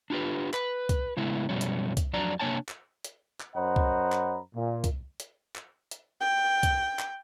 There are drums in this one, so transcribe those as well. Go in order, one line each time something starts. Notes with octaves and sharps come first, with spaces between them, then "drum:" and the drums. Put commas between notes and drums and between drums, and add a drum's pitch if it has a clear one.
D4 F4 G4 B4
B4, drum: clap
drum: kick, hi-hat
A2 C#3 G#3 B3 E4
F#2 B2 F3 G3 C#4
drum: hi-hat
drum: kick, hi-hat
F2 F#3 D4 D5 A#5
C3 A#3 D4 C#5 G#5 A5
drum: clap
drum: hi-hat
drum: clap
F#2 C5 D#5 F#5 A#5 B5
drum: kick
drum: clap
A#2
drum: kick, hi-hat
drum: hi-hat
drum: clap
drum: hi-hat
G5
drum: kick, hi-hat
drum: clap